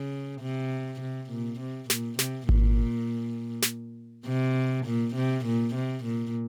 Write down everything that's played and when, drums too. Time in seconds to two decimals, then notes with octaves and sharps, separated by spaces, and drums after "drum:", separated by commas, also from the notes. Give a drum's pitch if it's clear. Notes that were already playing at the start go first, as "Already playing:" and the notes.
Already playing: C#3
0.42 C3
1.01 C3
1.30 A#2
1.60 C3
1.90 A#2, drum: snare
2.19 C3, drum: snare
2.49 A#2, drum: kick G#1
3.62 drum: snare
4.26 C3
4.86 A#2
5.15 C3
5.45 A#2
5.75 C3
6.04 A#2